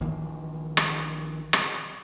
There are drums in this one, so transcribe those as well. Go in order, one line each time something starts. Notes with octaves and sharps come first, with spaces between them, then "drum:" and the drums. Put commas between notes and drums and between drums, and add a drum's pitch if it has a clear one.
A#1 D#3 E3 A#3
drum: rim click
drum: rim click